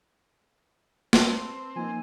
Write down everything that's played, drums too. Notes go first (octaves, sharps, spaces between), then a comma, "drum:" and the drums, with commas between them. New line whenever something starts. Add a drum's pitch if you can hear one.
C4 B4 A5, drum: snare
F3 A#3 D#4 G#5